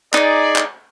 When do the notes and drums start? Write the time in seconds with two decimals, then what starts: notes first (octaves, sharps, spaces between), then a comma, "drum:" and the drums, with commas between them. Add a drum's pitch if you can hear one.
0.14 D#4 G#4 D5 A#5, drum: clap
0.56 drum: clap